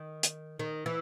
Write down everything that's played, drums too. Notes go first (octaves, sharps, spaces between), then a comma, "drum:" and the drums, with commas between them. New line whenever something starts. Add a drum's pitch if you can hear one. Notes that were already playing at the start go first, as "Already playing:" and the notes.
Already playing: D#3
drum: hi-hat
D#3
E3